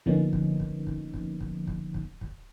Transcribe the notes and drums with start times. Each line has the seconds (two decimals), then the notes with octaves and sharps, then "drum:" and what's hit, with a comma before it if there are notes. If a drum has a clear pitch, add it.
0.06 D3 F3 A#3 B3 C#4 D#4, drum: kick
0.33 drum: kick
0.60 drum: kick
0.87 drum: kick
1.14 drum: kick
1.41 drum: kick
1.67 drum: kick
1.94 drum: kick
2.21 drum: kick